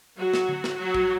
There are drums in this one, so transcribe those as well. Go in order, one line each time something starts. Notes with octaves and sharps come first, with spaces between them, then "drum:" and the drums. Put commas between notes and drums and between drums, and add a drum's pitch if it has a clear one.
F#3 F#4
drum: snare
drum: tom D3
drum: snare
F#3 F#4
drum: kick